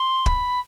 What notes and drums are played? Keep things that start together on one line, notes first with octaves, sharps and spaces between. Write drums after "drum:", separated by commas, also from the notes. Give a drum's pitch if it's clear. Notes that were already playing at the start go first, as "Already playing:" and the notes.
Already playing: C6
B5, drum: kick